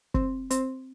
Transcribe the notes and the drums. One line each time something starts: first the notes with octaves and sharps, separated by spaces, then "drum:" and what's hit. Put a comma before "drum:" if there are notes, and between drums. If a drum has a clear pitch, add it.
C4, drum: kick
C4, drum: hi-hat